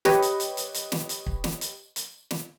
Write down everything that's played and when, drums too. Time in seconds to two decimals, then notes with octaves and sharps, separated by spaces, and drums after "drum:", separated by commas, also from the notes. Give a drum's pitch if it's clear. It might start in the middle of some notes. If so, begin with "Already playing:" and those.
0.05 G4 B4 C#5 D#5, drum: snare
0.22 drum: hi-hat
0.40 drum: hi-hat
0.57 drum: hi-hat
0.74 drum: hi-hat
0.92 drum: snare
1.09 drum: hi-hat
1.26 drum: kick
1.44 drum: snare
1.61 drum: hi-hat
1.96 drum: hi-hat
2.31 drum: snare